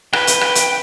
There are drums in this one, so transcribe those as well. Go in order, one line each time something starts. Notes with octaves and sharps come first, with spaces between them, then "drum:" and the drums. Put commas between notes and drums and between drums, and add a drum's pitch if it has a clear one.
B4 G5, drum: rim click
drum: hi-hat
drum: rim click
drum: hi-hat